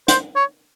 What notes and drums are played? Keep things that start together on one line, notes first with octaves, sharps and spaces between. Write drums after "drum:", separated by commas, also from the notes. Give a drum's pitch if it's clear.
C5, drum: hi-hat
C#5